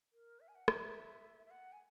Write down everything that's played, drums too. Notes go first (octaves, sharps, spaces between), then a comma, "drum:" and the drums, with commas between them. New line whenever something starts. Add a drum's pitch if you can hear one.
A#4
E5
G#5
F#5
E5, drum: rim click
E5
E5
F#5
G#5